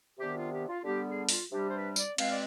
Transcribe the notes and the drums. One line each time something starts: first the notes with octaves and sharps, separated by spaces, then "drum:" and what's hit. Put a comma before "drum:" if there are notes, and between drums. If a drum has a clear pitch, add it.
C3 D#3 B3 D4 G4
F4
G4
F4
D3 G3 B3 D4 G4
G#4
F4, drum: open hi-hat
C3 G3 D4 G4
C5
B4
D5, drum: tambourine
B2 G#3 C4 F5, drum: cymbal
D5